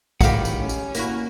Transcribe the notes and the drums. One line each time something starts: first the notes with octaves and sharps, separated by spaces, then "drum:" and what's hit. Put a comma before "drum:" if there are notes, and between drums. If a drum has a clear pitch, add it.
A2 D#3 G4 F5 F#5, drum: kick, tambourine
drum: tambourine
C#4
drum: tambourine
A#3 E4 F#4, drum: tambourine